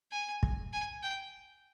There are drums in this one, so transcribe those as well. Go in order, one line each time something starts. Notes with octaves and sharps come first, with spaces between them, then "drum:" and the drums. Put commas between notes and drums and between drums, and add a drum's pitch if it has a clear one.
G#5
drum: kick
G#5
G5